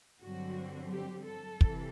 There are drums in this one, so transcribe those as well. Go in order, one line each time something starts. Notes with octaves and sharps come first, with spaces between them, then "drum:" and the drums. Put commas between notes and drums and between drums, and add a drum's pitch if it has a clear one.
G2 D3 F#3 C4 F#4
G4
A4
C3 E3, drum: kick